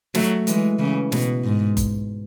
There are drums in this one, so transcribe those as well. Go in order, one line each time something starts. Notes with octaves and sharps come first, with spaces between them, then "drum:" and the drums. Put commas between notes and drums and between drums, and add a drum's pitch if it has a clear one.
F#3 A3, drum: snare
E3 G#3, drum: hi-hat
C#3 E3
B2, drum: snare
G#2
drum: kick F#1, hi-hat